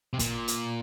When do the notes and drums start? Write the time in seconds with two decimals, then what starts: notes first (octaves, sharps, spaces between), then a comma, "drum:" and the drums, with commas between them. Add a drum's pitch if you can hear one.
0.13 C3
0.19 A#2, drum: kick, hi-hat
0.48 drum: hi-hat